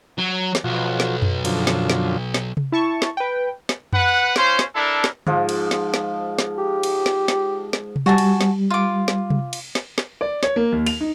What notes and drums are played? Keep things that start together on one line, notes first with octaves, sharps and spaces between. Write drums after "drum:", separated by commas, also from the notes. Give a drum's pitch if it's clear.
F#3
drum: snare
B1 F3 F#4
drum: snare
drum: tom F2
F#2 D3 F3, drum: cymbal
drum: snare
drum: snare
drum: snare
drum: tom C3
E4 A5 C#6
drum: snare
B4 G5
drum: snare
B4 F#5, drum: tom F2
C#4 F4 C5, drum: snare
drum: snare
D4 E4 A4 A#4
drum: snare
G#2 F3, drum: tom
drum: cymbal
drum: snare
drum: snare
drum: snare
G4
drum: cymbal
drum: snare
drum: snare
drum: snare
drum: tom C3
G3 F#4 G#5 A5
drum: cymbal
drum: snare
F4 D6
drum: snare
drum: tom C3
drum: cymbal
drum: snare
drum: snare
D5
C#5, drum: snare
A#3
D#2
F7, drum: cymbal
D#4